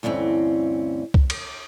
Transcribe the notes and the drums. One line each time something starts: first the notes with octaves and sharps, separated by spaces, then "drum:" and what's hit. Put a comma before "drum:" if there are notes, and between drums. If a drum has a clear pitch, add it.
D2 G2 E3 C4 C#4
drum: kick C2
drum: cymbal